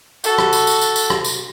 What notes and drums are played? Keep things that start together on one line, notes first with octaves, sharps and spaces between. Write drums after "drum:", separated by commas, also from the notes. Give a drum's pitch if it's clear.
F#4 A4, drum: tambourine
drum: rim click
drum: tambourine
drum: tambourine
drum: tambourine
drum: tambourine
drum: rim click
drum: tambourine